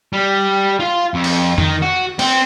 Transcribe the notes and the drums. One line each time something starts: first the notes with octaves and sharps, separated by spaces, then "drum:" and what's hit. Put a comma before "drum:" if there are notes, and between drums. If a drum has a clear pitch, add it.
G3
F4 F5
F2
drum: cymbal
D#3, drum: tom F2
F#4
C4, drum: cymbal